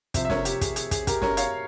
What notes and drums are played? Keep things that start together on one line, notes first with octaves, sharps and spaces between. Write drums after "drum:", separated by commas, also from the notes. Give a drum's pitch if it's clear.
C3 F3 C5 E5, drum: kick, hi-hat
E5
A#4 C#5, drum: snare
G4, drum: hi-hat
G#4, drum: kick, hi-hat
G#4, drum: hi-hat
G#4, drum: kick, hi-hat
G4 A#4, drum: kick, hi-hat
A#4 C#5, drum: snare
C#5 F5, drum: hi-hat